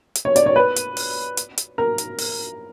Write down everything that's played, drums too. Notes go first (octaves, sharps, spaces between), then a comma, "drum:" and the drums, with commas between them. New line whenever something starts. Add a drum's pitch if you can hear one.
drum: hi-hat
C#5
D5, drum: hi-hat
C#5
B4
drum: hi-hat
drum: open hi-hat
drum: hi-hat
drum: hi-hat
A#4
drum: hi-hat
drum: open hi-hat